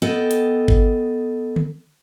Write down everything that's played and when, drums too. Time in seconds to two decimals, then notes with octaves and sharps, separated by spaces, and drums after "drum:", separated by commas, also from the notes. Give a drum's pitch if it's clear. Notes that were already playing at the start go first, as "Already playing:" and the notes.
0.02 B3 A4 D#5 G5
0.31 drum: hi-hat
0.68 drum: kick G#1
1.56 drum: tom D3